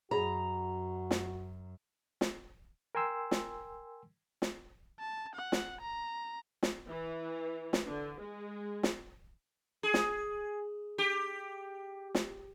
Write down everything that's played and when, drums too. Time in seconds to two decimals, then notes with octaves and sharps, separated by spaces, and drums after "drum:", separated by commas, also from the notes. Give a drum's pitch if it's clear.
0.11 F#2 F#4 G#4 A#5 B5
1.11 drum: snare
2.21 drum: snare
2.95 A#4 G5 G#5 C6 E6
3.31 drum: snare
4.42 drum: snare
4.99 A5
5.35 F#5
5.52 drum: snare
5.81 A#5
6.63 drum: snare
6.89 E3
7.73 drum: snare
7.85 D3
8.19 G#3
8.83 drum: snare
9.83 G#4
9.94 drum: snare
10.98 G4
12.15 drum: snare